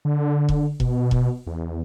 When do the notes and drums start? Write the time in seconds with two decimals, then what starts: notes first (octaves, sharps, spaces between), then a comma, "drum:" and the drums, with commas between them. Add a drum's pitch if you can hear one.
0.05 D3
0.49 drum: kick E1
0.80 B2, drum: kick E1
1.11 drum: kick E1
1.47 E2